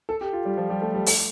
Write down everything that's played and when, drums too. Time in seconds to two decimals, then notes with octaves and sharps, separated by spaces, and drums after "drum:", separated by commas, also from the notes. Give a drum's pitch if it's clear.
0.09 A4
0.21 G4
0.33 F4
0.45 G3
0.57 F3
0.70 G3
0.82 A3
0.94 G3
1.06 A3, drum: open hi-hat